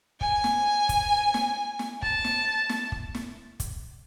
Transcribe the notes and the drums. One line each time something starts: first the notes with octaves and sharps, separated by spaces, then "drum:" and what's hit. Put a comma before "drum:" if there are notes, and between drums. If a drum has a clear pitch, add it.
G#5, drum: kick
drum: snare
drum: kick, hi-hat
drum: snare
drum: snare
A5, drum: kick
drum: snare
drum: snare
drum: kick
drum: snare
drum: kick, hi-hat